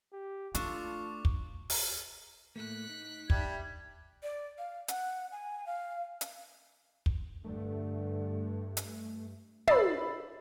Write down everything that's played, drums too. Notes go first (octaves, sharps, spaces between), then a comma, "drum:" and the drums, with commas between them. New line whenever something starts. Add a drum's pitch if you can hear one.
G4
A3 D4 F4 A4 C#6 D6, drum: hi-hat
drum: kick
drum: open hi-hat
A2 A3 A#3 F#6 B6
D#4
G3 D4 E5 G#6, drum: kick
D5
F5
F#5, drum: hi-hat
G#5
F5
drum: hi-hat
drum: kick
G2 D3 A3
drum: hi-hat
B5 E6 A6 C7, drum: tom